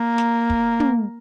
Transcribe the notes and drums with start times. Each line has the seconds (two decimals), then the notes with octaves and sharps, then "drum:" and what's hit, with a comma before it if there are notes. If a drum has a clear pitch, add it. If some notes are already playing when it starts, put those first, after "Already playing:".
Already playing: A#3
0.18 drum: snare
0.50 drum: kick
0.80 drum: tom